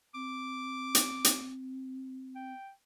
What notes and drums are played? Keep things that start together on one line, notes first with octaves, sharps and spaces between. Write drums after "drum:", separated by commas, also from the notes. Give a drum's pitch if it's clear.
C4 D6
drum: hi-hat
drum: hi-hat
G5